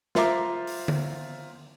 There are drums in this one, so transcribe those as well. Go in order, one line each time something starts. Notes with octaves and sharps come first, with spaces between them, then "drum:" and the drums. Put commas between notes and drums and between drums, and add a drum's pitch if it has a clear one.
F4 C5 E5 A#5 D6, drum: snare
drum: open hi-hat
drum: tom D3